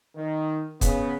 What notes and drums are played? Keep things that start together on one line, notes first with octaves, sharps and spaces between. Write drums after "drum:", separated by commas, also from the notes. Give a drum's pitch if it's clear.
D#3
C#3 B3, drum: kick, hi-hat